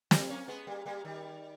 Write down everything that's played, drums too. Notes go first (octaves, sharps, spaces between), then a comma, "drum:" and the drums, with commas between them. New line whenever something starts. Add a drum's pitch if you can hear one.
G3 A#3, drum: snare
A#3 C#4
G#3 B3
G3 A#3
G3 A#3
D#3 G3